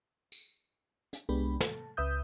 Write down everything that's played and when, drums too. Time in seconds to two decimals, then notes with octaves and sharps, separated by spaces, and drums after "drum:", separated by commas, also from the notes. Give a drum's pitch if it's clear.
0.32 drum: tambourine
1.13 drum: hi-hat
1.29 C2 G#3 B3 D4 G4 B5
1.61 A4, drum: snare
1.97 C#2 B4 E5 D#6 G6